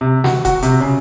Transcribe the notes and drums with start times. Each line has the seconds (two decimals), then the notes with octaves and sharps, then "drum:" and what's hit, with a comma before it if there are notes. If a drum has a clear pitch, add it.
0.01 C3
0.24 F#4, drum: snare
0.45 F#4, drum: kick D#1, hi-hat
0.62 C3, drum: hi-hat
0.81 C#3